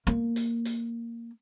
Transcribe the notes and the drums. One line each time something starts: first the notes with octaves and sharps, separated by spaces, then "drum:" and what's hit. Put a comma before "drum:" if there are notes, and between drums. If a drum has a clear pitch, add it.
A#3
drum: hi-hat
drum: hi-hat